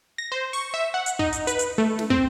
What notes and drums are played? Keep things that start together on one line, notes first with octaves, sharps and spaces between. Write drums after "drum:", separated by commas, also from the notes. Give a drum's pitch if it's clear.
A#6
C5
C#6, drum: open hi-hat
E5
F#5
drum: hi-hat
D#4, drum: kick
drum: hi-hat
B4, drum: hi-hat
drum: hi-hat
A3
drum: snare
C4, drum: kick